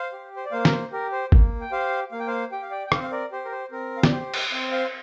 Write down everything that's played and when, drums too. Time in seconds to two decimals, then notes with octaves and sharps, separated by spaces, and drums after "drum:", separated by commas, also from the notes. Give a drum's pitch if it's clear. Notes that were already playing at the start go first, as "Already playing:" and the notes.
Already playing: C5 F5
0.12 G4
0.36 C5
0.45 D5
0.52 A#3 C5 F5
0.65 A#4, drum: snare
0.72 C5
0.92 G4 A#4
1.12 C5
1.32 A#3, drum: kick G1
1.61 G5
1.72 G4 C5 F5
2.12 A#3 F5
2.20 G5
2.27 C5 F5
2.52 G4 G5
2.62 F5
2.71 D5 G5
2.87 G5
2.92 C4 C5 F5, drum: rim click
3.03 F5
3.12 A#4 D5
3.32 G4 C5
3.45 A#4
3.52 C5
3.71 C4 A#4
3.97 F5
4.03 D5, drum: snare
4.12 G4 C5
4.34 drum: cymbal
4.52 C4 C5
4.72 C5 F5